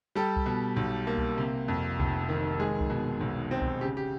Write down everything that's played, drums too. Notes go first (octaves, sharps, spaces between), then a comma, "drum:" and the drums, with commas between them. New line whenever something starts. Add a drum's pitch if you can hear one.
G3 G4 A4
drum: kick C2
B2
B1
A#3
drum: kick C2
C3
F2
F1, drum: kick C2
D#3
G#3 G#4
drum: kick C2
B2
B1
C4
drum: kick C2
C#3 G4
G4